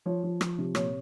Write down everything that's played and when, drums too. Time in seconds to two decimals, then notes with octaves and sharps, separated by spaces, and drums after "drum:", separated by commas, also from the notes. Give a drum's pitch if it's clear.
0.06 F3 C#5
0.23 F3
0.41 F3, drum: rim click
0.58 C3
0.75 A#2 C#5, drum: rim click